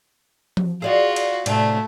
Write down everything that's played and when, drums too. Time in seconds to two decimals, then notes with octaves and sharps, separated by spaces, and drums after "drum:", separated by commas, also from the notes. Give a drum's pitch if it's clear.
0.57 drum: tom F3
0.82 F4 F#4 G#4 D5 D#5
1.16 drum: cymbal
1.46 A2 C3 A3 D4, drum: cymbal